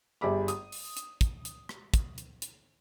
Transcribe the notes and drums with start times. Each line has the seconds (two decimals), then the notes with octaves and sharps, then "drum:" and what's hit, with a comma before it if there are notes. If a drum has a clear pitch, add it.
0.21 G1 G3 G#4 E5 B5 D6
0.48 D#6, drum: hi-hat
0.72 drum: open hi-hat
0.97 drum: hi-hat
1.21 drum: kick, hi-hat
1.45 drum: hi-hat
1.69 drum: rim click
1.94 drum: kick, hi-hat
2.18 drum: hi-hat
2.42 drum: hi-hat